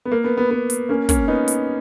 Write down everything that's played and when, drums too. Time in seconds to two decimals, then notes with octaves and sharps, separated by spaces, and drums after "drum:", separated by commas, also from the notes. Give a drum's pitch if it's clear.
0.05 B3
0.11 A#3
0.24 B3
0.37 B3
0.50 B3
0.70 drum: hi-hat
0.89 A#3 C#4
1.09 A#3 C#4, drum: kick, hi-hat
1.28 B3 D#4
1.48 drum: hi-hat